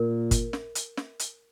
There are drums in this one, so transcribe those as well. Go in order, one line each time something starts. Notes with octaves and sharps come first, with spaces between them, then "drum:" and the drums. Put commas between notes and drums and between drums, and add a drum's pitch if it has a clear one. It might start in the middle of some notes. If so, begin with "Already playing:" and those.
Already playing: A#2 A#4
drum: kick G1, hi-hat
drum: snare
drum: hi-hat
drum: snare
drum: hi-hat